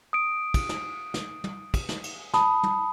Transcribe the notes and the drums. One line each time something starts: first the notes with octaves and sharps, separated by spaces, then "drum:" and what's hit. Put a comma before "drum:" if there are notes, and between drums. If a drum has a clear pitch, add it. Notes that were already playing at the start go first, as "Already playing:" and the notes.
D#6 D7
drum: kick, cymbal
drum: snare
drum: snare
drum: tom
drum: kick, cymbal
drum: snare
drum: cymbal
A5 B5 D#6, drum: snare
drum: tom